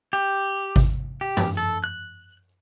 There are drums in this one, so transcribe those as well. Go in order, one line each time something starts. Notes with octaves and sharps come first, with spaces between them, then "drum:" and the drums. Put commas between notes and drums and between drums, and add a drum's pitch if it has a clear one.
G4
drum: kick G#1
G4
drum: tom F#2
A4
F#6